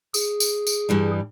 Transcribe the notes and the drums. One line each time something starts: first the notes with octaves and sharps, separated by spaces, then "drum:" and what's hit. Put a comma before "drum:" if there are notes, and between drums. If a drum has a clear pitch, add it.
G#4, drum: tambourine
drum: tambourine
drum: tambourine
G2 E3 G3